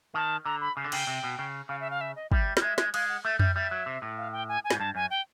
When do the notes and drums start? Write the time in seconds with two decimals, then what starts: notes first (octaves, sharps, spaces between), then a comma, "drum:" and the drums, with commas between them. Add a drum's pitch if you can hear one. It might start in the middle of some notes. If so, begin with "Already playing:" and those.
0.14 D#3 A5
0.45 D3 A#5
0.61 B5
0.77 C#3
0.84 D3
0.92 C#3 G5, drum: cymbal
1.07 C3
1.24 B2
1.39 C#3
1.69 C#3 F5
1.80 E5
1.90 F5
2.01 E5
2.16 D#5
2.32 G3 E5, drum: kick
2.57 G3, drum: snare
2.62 G#3 E5
2.78 G#3, drum: snare
2.94 G#3 F5, drum: cymbal
3.09 F#5
3.24 A3 E5
3.39 G3 E5, drum: tom F2
3.55 G3 E5
3.71 F#3
3.86 C3
4.02 A2
4.18 F5
4.32 G5
4.48 G#5
4.64 G#5
4.71 G#2, drum: snare
4.79 G2 A5
4.95 F#2 G#5
5.10 G5